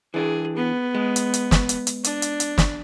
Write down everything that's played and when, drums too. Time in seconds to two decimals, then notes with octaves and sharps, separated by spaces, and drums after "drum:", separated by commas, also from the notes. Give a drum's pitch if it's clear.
0.14 E3 D4 G#4
0.57 B3
0.95 G#3
1.16 drum: hi-hat
1.34 drum: hi-hat
1.51 drum: snare
1.69 drum: hi-hat
1.87 drum: hi-hat
2.04 D4, drum: hi-hat
2.22 drum: hi-hat
2.40 drum: hi-hat
2.58 drum: snare